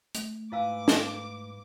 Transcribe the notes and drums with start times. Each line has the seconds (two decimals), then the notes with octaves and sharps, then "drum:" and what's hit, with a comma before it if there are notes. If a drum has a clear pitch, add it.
0.15 A3, drum: hi-hat
0.52 G#2 E4 B4 F5 G#5 D6 E6
0.88 drum: snare